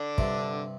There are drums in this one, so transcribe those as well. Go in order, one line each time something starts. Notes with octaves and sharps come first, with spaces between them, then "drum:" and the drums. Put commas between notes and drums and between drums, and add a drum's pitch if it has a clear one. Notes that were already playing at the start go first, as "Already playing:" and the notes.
Already playing: D3 D4
G2 C3, drum: kick